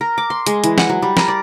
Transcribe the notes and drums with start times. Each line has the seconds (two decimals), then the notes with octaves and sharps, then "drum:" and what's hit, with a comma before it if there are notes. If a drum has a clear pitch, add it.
0.01 A#4
0.18 D6
0.30 C6
0.46 G#3, drum: hi-hat
0.64 E3, drum: hi-hat
0.78 F#5, drum: snare
0.89 F#3
1.02 G3
1.17 A#4, drum: snare
1.28 D5